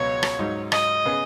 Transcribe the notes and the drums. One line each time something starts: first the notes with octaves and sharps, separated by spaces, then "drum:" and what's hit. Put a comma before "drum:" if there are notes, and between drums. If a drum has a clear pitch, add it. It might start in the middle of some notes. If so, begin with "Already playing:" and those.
Already playing: C#2 B2 F#3 B3 F#4 C#5
drum: rim click
G#2 F#3 D#4
D#5, drum: rim click
C#3 B3 G#4